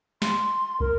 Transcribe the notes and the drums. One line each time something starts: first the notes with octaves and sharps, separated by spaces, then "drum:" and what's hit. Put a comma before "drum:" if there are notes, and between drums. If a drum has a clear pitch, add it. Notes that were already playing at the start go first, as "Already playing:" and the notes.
C6, drum: snare
A#4, drum: kick